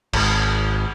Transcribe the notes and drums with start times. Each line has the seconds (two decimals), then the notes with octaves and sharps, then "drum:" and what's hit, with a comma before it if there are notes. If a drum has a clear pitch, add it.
0.13 G#1, drum: cymbal